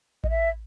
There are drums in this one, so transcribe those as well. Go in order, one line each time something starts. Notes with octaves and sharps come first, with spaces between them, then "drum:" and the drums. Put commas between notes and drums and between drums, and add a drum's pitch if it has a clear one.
D#5, drum: kick A1
E5